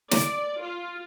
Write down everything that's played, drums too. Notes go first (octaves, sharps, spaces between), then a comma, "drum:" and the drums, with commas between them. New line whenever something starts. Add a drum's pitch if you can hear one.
D5, drum: snare
F4